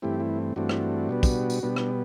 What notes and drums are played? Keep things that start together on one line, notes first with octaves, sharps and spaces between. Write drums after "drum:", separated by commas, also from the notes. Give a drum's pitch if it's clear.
G2 E3 A3 C4 E4 G4
E4
G2 E3 A3 C4 D4 F#4
drum: rim click
B2 G3 B3
drum: kick, tambourine
drum: tambourine
B2 G3 B3 D4
drum: rim click